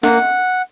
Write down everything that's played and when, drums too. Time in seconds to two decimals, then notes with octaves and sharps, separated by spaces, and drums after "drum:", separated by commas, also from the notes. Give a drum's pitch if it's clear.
0.03 A#3 F#5, drum: snare